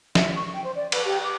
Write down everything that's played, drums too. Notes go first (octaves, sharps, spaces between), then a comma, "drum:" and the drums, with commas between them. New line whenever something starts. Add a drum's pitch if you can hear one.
E5, drum: snare
C#6
G5
C5
D5
B4, drum: cymbal
G4
D6